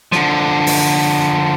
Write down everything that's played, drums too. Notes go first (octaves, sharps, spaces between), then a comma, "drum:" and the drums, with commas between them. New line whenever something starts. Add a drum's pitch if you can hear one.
D3 F3, drum: snare
drum: open hi-hat